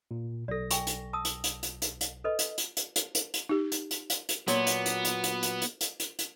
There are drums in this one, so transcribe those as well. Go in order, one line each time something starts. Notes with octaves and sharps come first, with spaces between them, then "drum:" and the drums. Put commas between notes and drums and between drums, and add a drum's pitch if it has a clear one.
A#2
B1 A4 D5 A#6
G5 G#5 C#6, drum: hi-hat
drum: hi-hat
A5 D#6 E6
drum: hi-hat
drum: hi-hat
drum: hi-hat
drum: hi-hat
drum: hi-hat
A4 B4 D#5
drum: hi-hat
drum: hi-hat
drum: hi-hat
drum: hi-hat
drum: hi-hat
drum: hi-hat
D#4 G4
drum: hi-hat
drum: hi-hat
drum: hi-hat
drum: hi-hat
A#2 F#3 B3, drum: hi-hat
drum: hi-hat
drum: hi-hat
drum: hi-hat
drum: hi-hat
drum: hi-hat
drum: hi-hat
drum: hi-hat
drum: hi-hat
drum: hi-hat